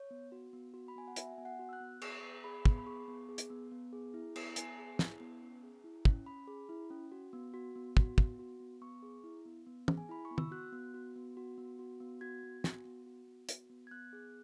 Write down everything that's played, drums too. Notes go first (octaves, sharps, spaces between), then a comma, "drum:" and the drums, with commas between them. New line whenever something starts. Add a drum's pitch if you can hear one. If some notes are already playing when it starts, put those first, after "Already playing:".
Already playing: C#5
B3
F#4
B3
F#4
B5
B3 G#5
F#5
F#4 E5, drum: hi-hat
B3 G#5
F#5
F#4
E6
F#6
B3
G#4 C#6, drum: cymbal
B3
G#4 B5
B3, drum: kick
B5
G#4 C#6
B3
G#4
drum: hi-hat
B3
B3
G#4
E4
B3, drum: cymbal
B3 G#5, drum: hi-hat
G#4
E4, drum: snare
B3
C#4
G#4
E4
C#4, drum: kick
C#4 B5
G#4
E4
C#4
F#4
B3
F#4
B3
F#4, drum: kick
B3, drum: kick
F#4
B3
B3 C#6
G#4
E4
B3
B3
G#4, drum: tom
G#5
E4 B5
C#6
B3
E6, drum: tom
F#4 F#6
B3
F#4
B3
F#4
B3
F#4
B3
F#4 G#6
B3
F#4, drum: snare
B3
F#4
B3
F#4, drum: hi-hat
B3
G#6
B3 F#6
G#4